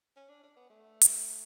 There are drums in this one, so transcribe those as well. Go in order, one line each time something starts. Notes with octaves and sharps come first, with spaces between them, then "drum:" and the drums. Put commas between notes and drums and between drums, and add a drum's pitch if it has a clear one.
C#4
D4
D4
B3
A3
drum: hi-hat